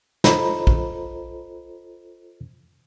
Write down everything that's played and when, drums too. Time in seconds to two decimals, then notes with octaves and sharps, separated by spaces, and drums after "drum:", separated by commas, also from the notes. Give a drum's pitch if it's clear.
0.24 F4 A4 C5 D#5 A#5 B5, drum: snare
0.67 drum: kick